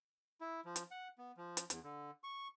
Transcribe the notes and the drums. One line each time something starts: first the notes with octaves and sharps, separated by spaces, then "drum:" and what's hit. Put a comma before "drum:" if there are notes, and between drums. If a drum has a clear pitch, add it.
E4
F3
drum: hi-hat
F#5
B3
F3
drum: hi-hat
E2, drum: hi-hat
D3
C#6